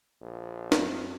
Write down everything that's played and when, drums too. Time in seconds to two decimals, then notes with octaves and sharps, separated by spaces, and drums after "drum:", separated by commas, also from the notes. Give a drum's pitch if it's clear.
0.22 A#1
0.72 F#2 A3 C4, drum: snare